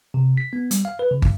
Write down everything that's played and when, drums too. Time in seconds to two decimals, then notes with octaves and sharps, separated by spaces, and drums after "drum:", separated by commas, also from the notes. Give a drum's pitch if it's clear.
0.14 C3
0.37 B6
0.53 B3
0.71 G3, drum: hi-hat
0.85 F5
0.99 B4
1.11 C#3
1.22 G2, drum: kick